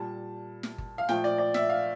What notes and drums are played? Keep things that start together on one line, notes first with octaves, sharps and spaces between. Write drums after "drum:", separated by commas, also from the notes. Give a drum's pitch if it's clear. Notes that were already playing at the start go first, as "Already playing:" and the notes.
Already playing: A#2 G3 A5
drum: snare
drum: kick G1
F5
A#2 F3 A3 G5, drum: snare
D5
D5
E5, drum: snare
F5